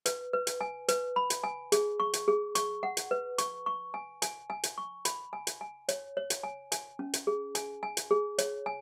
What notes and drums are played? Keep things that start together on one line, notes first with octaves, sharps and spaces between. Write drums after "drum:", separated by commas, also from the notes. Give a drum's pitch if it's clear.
B4, drum: hi-hat
B4
drum: hi-hat
G#5
B4, drum: hi-hat
B5
drum: hi-hat
G#5
G#4, drum: hi-hat
C#6
drum: hi-hat
G#4
C#6, drum: hi-hat
F#5
drum: hi-hat
B4
C#6, drum: hi-hat
C#6
G#5
G#5, drum: hi-hat
G#5
drum: hi-hat
C#6
B5, drum: hi-hat
G#5
drum: hi-hat
G#5
C#5, drum: hi-hat
C#5
drum: hi-hat
G#5
G#5, drum: hi-hat
C#4
drum: hi-hat
G#4
G#5, drum: hi-hat
G#5
drum: hi-hat
G#4
C#5, drum: hi-hat
G#5